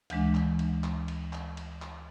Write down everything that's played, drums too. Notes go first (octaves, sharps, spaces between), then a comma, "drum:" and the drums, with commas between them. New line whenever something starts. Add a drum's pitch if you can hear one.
D2 E3 G#3 D4, drum: cymbal
drum: clap
drum: cymbal
drum: clap
drum: cymbal
drum: clap
drum: cymbal
drum: clap